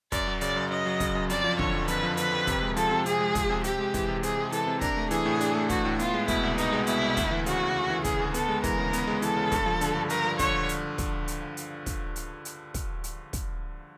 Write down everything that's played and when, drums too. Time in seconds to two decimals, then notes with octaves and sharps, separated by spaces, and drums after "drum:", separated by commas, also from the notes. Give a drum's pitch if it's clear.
0.12 F#2 D5, drum: kick, hi-hat
0.27 F#3
0.41 C#3 D5, drum: hi-hat
0.56 F#2
0.71 F#2 D#5
0.86 F#3
1.00 C#3, drum: kick, hi-hat
1.15 F#2
1.30 F2 D5, drum: hi-hat
1.44 F3
1.59 D3 C#5, drum: kick
1.73 F2
1.88 F2 B4, drum: hi-hat
2.03 F3
2.17 D3 B4, drum: hi-hat
2.32 F2
2.47 C3, drum: kick, hi-hat
2.62 G#3
2.76 F3 A4, drum: hi-hat
2.91 C3
3.06 C3 G#4, drum: hi-hat
3.20 G#3
3.35 F3, drum: kick, hi-hat
3.50 C3
3.64 C4 G4, drum: hi-hat
3.79 G#3
3.94 E3, drum: kick, hi-hat
4.08 C3
4.23 C4 G#4, drum: hi-hat
4.38 G#3
4.52 E3 A4, drum: hi-hat
4.67 C3
4.81 D4 A#4, drum: kick, hi-hat
4.97 A3
5.11 E3 G#4, drum: hi-hat
5.26 A2
5.40 D4, drum: hi-hat
5.55 A3
5.69 E3 F#4, drum: kick, hi-hat
5.85 A2
5.99 B3 F4, drum: hi-hat
6.14 G#3
6.28 B2 E4, drum: kick, hi-hat
6.43 C2
6.58 B3 D#4, drum: hi-hat
6.73 G#3
6.87 B2 E4, drum: hi-hat
7.02 C2
7.17 D2, drum: kick, hi-hat
7.31 E3
7.46 C#3 F#4, drum: hi-hat
7.61 D2
7.76 D2
7.90 E3
8.04 C#3 G#4, drum: kick, hi-hat
8.19 D2
8.34 B3 A4, drum: hi-hat
8.49 G#3
8.64 E3 A#4, drum: kick, hi-hat
8.78 C#3
8.93 B3, drum: hi-hat
9.07 G#3
9.22 E3 A4, drum: hi-hat
9.37 C#3
9.52 G2, drum: kick, hi-hat
9.66 F3
9.81 D3, drum: hi-hat
9.96 G2
10.10 G2 A#4, drum: hi-hat
10.25 F3
10.39 D3 C#5, drum: kick, hi-hat
10.69 drum: hi-hat
10.98 drum: kick, hi-hat
11.28 drum: hi-hat
11.57 drum: hi-hat
11.86 drum: kick, hi-hat
12.16 drum: hi-hat
12.45 drum: hi-hat
12.74 drum: kick, hi-hat
13.04 drum: hi-hat
13.33 drum: kick, hi-hat